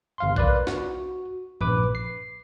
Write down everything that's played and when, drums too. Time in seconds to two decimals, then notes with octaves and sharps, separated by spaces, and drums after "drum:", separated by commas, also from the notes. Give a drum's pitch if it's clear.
0.18 G1 F5 C6
0.36 A#4 B4 D5 F#6, drum: kick A#1
0.67 F#4, drum: snare
1.61 A#1 B4 D6, drum: tom G2
1.95 C7